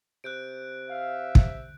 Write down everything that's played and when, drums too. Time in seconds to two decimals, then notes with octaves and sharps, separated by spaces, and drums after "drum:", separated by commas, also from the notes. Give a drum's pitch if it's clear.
0.24 C3 F#6 G6 D7
0.90 E5 F5
1.35 drum: kick